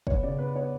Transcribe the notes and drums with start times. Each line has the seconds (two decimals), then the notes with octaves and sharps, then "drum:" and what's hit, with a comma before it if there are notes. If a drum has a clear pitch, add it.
0.07 B3 C#5, drum: kick
0.23 C#3 D5
0.38 B3 B4
0.55 B3 C#5